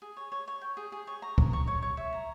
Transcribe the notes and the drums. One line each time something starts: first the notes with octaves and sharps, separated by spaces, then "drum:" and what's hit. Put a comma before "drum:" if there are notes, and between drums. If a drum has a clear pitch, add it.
G#4
C#5
C#5
C#5
G5
G#4
G#4
C#5
A#5
A#5, drum: kick
C#6
C#5
C#5
E5
A#5